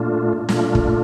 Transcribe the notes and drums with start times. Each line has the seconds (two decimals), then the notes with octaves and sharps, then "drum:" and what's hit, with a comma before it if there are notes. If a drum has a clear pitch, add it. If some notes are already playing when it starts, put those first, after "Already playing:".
Already playing: A#2 A3 D4 F4
0.49 A#2 A3 D4 F4, drum: snare
0.75 drum: kick